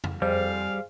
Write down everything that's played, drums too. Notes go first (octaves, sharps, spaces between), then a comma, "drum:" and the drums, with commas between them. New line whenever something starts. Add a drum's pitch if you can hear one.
drum: tom F2
F2 G3 G#4 C5 F5